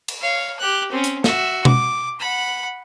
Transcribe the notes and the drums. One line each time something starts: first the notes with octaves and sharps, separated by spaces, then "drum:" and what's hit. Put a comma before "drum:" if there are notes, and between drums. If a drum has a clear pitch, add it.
drum: cymbal
C#5 F5
G4 F#6
C4 C#4
drum: hi-hat
F#4 E5, drum: snare
D6, drum: tom B2
F#5 B5